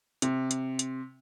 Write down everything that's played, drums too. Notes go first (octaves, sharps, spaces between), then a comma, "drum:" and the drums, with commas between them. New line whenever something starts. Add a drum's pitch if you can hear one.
C3, drum: hi-hat
drum: hi-hat
drum: hi-hat